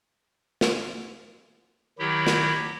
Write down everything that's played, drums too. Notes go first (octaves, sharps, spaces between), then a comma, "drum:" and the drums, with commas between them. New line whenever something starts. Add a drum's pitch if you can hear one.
drum: snare
D#3 F#3 E4 G4
drum: snare